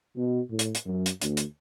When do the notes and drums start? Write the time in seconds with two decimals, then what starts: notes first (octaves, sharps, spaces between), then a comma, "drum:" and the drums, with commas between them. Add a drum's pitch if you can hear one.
0.16 B2
0.50 A2
0.59 drum: hi-hat
0.75 drum: hi-hat
0.86 F#2
1.06 drum: hi-hat
1.21 D2, drum: hi-hat
1.37 drum: hi-hat